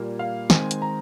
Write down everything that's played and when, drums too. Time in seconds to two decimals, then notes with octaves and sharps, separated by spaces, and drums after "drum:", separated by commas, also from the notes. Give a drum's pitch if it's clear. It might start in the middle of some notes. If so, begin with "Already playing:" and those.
Already playing: A#2 G3 A#3
0.19 F5
0.50 D#3 G#3 C4 G#5, drum: snare
0.71 drum: hi-hat
0.82 A#5